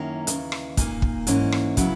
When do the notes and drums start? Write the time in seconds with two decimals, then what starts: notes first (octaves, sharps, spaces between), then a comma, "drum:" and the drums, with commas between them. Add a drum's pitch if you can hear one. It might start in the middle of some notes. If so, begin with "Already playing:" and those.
Already playing: F#2 D#3 A#3 C#4 E4 A#5
0.27 D#2 C#3 E3, drum: hi-hat
0.52 drum: rim click
0.77 A#2 A#3 D#4 G#5, drum: kick, hi-hat
1.02 drum: kick
1.27 G#2 E3 A#3 C#4 E4, drum: hi-hat
1.52 drum: rim click
1.77 C#3 F#3 B3 E4, drum: kick, hi-hat